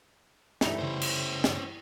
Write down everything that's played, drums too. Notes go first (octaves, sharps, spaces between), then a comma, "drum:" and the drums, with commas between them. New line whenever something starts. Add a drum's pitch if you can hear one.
E3 G3 A3 D#4 E4 F7, drum: snare
F#2 C#3 C#4 C5
drum: cymbal
drum: snare